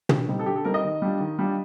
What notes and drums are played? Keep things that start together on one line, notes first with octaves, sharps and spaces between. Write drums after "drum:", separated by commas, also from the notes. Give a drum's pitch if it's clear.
D3, drum: tom
G3 C4 D#4
A4
D3 G4
A4
G3 C4 D#4 A#4
D#5
D#3
G3 D4 F4
D#3
G3 D4 F4